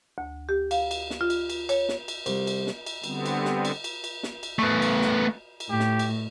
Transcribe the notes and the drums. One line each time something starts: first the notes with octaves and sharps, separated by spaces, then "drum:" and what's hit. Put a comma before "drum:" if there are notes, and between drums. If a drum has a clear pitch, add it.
D2
G4
F5, drum: cymbal
drum: cymbal
drum: snare
F4
drum: cymbal
drum: cymbal
C#5, drum: cymbal
drum: snare
drum: cymbal
C2, drum: cymbal
drum: cymbal
drum: snare
drum: cymbal
D3 G3 B3 C4, drum: cymbal
drum: cymbal
drum: snare
drum: cymbal
drum: cymbal
drum: cymbal
drum: snare
drum: cymbal
A3 B3
drum: cymbal
drum: snare
drum: cymbal
A2 G4
drum: snare
drum: cymbal